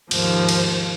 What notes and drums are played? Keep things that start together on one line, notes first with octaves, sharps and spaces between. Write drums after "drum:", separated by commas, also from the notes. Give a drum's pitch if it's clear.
D#2 G#2 F3, drum: cymbal
drum: cymbal